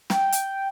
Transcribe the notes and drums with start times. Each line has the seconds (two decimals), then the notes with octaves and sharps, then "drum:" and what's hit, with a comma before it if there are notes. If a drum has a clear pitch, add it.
0.10 G5, drum: snare
0.32 drum: hi-hat